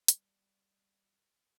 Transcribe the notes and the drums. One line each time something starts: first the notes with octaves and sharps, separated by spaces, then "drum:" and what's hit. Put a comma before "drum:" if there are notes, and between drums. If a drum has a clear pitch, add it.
G3, drum: hi-hat